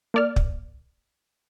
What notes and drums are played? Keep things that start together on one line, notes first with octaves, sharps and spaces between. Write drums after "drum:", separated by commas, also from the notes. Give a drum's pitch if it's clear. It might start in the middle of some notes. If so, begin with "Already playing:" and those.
A#3 D5 F6
drum: kick